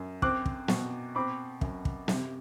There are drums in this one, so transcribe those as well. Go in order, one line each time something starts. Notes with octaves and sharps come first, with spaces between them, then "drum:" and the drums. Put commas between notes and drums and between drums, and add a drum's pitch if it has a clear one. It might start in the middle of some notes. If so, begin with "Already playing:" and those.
Already playing: F#2
C4 D6 F#6, drum: kick
drum: kick
B2, drum: snare
C4 B5 D6
F#2, drum: kick
drum: kick
C3, drum: snare